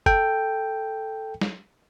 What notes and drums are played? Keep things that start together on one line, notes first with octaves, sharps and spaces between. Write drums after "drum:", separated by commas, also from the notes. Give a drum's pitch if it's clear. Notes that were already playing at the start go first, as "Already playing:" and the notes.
A4 G5, drum: kick
drum: snare